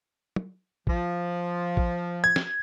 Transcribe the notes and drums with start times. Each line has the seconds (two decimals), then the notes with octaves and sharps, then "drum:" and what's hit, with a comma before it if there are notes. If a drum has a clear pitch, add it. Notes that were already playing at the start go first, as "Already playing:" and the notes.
0.36 drum: tom
0.87 F3, drum: kick
1.77 drum: kick
2.24 G#6
2.36 drum: snare